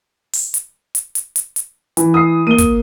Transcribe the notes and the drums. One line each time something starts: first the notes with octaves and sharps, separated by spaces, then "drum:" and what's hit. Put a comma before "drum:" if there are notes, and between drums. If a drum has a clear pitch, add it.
drum: open hi-hat
drum: hi-hat
drum: hi-hat
drum: hi-hat
drum: hi-hat
drum: hi-hat
E3, drum: hi-hat
D#6 E6 C7
A#3 D#7 G7
drum: kick, hi-hat